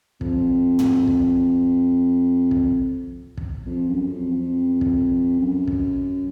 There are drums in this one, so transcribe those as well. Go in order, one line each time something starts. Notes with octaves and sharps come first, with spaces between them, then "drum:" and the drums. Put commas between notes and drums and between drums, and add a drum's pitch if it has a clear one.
F2, drum: kick
drum: tom
drum: kick
drum: kick
drum: kick
F2
F#2
F2
F2
drum: kick
F#2
drum: kick